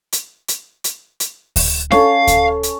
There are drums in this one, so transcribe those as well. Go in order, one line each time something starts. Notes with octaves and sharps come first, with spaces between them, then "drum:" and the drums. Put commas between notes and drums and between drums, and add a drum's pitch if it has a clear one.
drum: hi-hat
drum: hi-hat
drum: hi-hat
drum: hi-hat
drum: kick D2, open hi-hat
C#4 A4 F5, drum: snare
drum: kick D2, hi-hat
drum: hi-hat